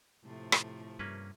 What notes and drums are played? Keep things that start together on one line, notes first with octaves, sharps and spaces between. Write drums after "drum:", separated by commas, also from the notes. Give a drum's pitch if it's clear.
A2 C3 F3 A3
drum: rim click
G2 A#3 C#4 B4